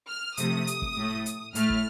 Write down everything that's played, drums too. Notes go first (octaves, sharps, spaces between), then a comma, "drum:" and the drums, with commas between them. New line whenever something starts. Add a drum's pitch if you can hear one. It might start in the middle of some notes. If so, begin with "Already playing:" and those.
F6
C3 F3 A3 D#6, drum: hi-hat
drum: hi-hat
drum: kick
A2 A3
drum: hi-hat
A2 A3 F6, drum: hi-hat
drum: kick